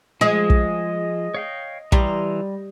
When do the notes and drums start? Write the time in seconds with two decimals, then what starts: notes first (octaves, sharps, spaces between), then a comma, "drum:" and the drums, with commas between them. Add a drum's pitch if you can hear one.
0.21 F3 G#3 G#4 D#5
0.50 drum: kick
1.34 C#5 F5 G5
1.92 E3 G3 A#5 C6, drum: kick